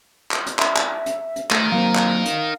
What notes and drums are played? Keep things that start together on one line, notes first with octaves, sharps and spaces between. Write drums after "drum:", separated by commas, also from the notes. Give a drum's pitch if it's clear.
drum: clap
drum: hi-hat
E5, drum: clap
drum: clap
drum: hi-hat
drum: hi-hat
A3 D#4 A#4, drum: clap
F#3 A#3 C4 F5
drum: clap
drum: hi-hat